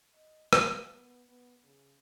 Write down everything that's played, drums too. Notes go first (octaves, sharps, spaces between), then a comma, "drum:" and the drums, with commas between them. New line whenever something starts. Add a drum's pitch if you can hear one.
D#5
A#3, drum: rim click
B3
B3
C#3